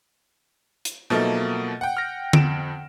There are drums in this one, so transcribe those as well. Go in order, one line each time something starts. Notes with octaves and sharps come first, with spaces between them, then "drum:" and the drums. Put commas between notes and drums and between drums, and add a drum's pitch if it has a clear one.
drum: hi-hat
B2 F3 F#3 A3 A#3 D#4
F#5 G5
F6 A#6
F2 D7 E7, drum: tom D3